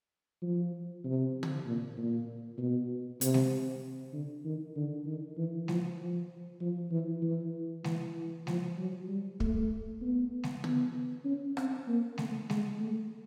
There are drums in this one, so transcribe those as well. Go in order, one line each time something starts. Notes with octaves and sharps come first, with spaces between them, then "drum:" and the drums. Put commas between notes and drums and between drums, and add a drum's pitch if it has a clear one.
F3
C3
drum: tom
A#2
A#2
B2
C3, drum: hi-hat
drum: snare G#3
D3
D#3
D3
D#3
E3
F3, drum: snare G#3
F3
F3
E3
E3
E3, drum: snare G#3
F3, drum: snare G#3
F#3
G3
A3, drum: kick
B3
drum: snare G#3
B3, drum: tom
C#4
C4, drum: rim click
A#3
A3, drum: snare G#3
G#3, drum: snare G#3
A3